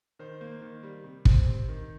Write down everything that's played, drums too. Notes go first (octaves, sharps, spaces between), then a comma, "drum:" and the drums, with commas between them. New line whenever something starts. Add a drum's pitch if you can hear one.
D#3 C5
A#3
D#3
G3
C3
C4, drum: kick
C3
D#3